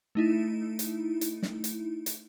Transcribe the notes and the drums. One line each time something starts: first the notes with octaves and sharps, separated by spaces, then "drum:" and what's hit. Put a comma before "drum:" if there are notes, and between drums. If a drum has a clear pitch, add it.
A3 D#4 E4
drum: hi-hat
drum: hi-hat
drum: snare
drum: hi-hat
drum: hi-hat